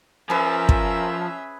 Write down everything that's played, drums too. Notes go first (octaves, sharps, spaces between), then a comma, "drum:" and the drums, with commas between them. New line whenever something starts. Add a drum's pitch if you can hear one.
F3 C#4 G#4 A#4 B4 E5
drum: kick